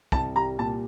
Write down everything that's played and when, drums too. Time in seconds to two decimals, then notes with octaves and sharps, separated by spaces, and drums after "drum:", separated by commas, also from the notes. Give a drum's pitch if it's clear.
0.12 C2 A5, drum: kick
0.36 G3 A#5
0.58 A#2 A5